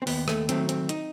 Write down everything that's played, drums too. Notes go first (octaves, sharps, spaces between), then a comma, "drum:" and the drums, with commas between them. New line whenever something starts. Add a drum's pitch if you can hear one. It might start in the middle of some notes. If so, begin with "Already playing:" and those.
C4
D#2 B3, drum: open hi-hat
A3, drum: rim click
D#3 F#3 A3 C4, drum: hi-hat
C4, drum: hi-hat
D#4, drum: hi-hat